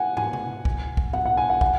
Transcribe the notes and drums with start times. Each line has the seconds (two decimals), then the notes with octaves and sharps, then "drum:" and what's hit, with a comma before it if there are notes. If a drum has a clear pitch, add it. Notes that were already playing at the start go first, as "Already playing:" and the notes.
Already playing: F#5 G#5
0.17 G#5, drum: tom
0.33 drum: tom C3
0.65 drum: kick
0.97 drum: kick
1.13 F#5, drum: tom A2
1.25 F#5
1.37 G#5
1.50 F#5
1.61 F#5, drum: kick